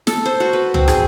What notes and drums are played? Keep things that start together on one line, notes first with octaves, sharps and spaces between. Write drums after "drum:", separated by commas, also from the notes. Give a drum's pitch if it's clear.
A4, drum: snare
C5
F#4
B4
C4, drum: tom
G#4, drum: rim click